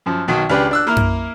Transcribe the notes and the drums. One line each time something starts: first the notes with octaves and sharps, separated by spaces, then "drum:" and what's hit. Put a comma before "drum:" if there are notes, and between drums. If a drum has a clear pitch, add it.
F#2 F3
B1 D#3 F#3
C#2 D4 G4 B4
D4 E6 F#6
A#3 E4 A#4
drum: tom F#2